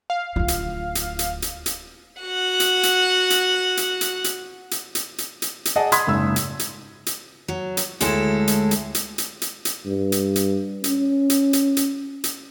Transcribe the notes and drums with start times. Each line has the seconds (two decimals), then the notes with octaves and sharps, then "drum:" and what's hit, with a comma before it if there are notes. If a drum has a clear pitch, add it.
0.10 F5
0.36 D1 F4
0.48 drum: hi-hat
0.95 drum: hi-hat
1.19 drum: hi-hat
1.42 drum: hi-hat
1.66 drum: hi-hat
2.22 F#4 F#5
2.60 drum: hi-hat
2.83 drum: hi-hat
3.30 drum: hi-hat
3.77 drum: hi-hat
4.01 drum: hi-hat
4.24 drum: hi-hat
4.71 drum: hi-hat
4.95 drum: hi-hat
5.18 drum: hi-hat
5.42 drum: hi-hat
5.65 drum: hi-hat
5.76 G#4 D5 D#5 F#5 A5
5.92 B5 C6 D#6 G#6 B6, drum: hi-hat
6.07 F#1 G#2 E6
6.36 drum: hi-hat
6.59 drum: hi-hat
7.06 drum: hi-hat
7.48 F#3
7.77 drum: hi-hat
8.00 D2 A2 G#3 E4 A4, drum: hi-hat
8.48 drum: hi-hat
8.71 drum: hi-hat
8.95 drum: hi-hat
9.18 drum: hi-hat
9.42 drum: hi-hat
9.65 drum: hi-hat
9.85 G2
10.12 drum: hi-hat
10.36 drum: hi-hat
10.84 C#4, drum: hi-hat
11.30 drum: hi-hat
11.53 drum: hi-hat
11.77 drum: hi-hat
12.24 drum: hi-hat